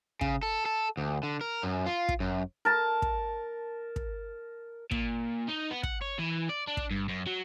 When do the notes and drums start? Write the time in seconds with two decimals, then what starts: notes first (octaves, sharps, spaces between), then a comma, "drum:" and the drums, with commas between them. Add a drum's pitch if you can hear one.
0.21 C#3, drum: kick
0.43 A4
0.65 A4
0.97 D2
1.23 D3
1.41 A#4
1.63 F#2
1.86 F4
2.09 drum: kick
2.20 F#2
2.65 A#4 A5
3.02 drum: kick
3.96 drum: kick
4.91 A#2, drum: kick
5.48 D#4
5.71 B3
5.83 F#5, drum: kick
6.01 C#5
6.19 E3
6.50 D5
6.68 D4
6.77 drum: kick
6.91 G2
7.09 F#2
7.27 F#3